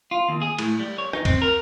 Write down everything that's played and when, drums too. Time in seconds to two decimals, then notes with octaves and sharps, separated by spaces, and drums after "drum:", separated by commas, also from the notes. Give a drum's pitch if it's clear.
0.11 F4
0.29 D#2
0.42 G#4
0.59 A2, drum: cymbal
0.79 G3
0.98 C#5
1.13 D#4, drum: rim click
1.25 C4, drum: kick, cymbal
1.42 A#4